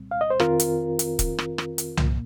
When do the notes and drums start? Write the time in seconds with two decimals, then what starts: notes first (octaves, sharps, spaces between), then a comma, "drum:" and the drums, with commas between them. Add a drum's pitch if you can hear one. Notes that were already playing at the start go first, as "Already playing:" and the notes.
Already playing: C2 A#2 G3 C4
0.11 F5
0.21 D#5
0.30 C5
0.40 F2 D#3 C4 F4 A#4, drum: rim click
0.60 drum: hi-hat
0.99 drum: hi-hat
1.19 drum: kick, hi-hat
1.39 drum: rim click
1.58 drum: rim click
1.78 drum: hi-hat
1.97 A#2 A#3, drum: tom C2